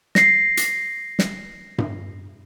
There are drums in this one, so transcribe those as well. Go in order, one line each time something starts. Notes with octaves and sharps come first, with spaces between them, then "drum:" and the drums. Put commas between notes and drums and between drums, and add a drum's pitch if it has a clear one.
A#6 C7, drum: snare
drum: hi-hat
drum: snare
drum: tom G2